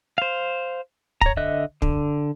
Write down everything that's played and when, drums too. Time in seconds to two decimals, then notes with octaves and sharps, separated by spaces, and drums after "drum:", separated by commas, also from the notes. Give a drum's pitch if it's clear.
0.18 C5 F5
1.21 C#5 A#5, drum: kick
1.37 D3 D#5 E5 F#6
1.82 D3, drum: kick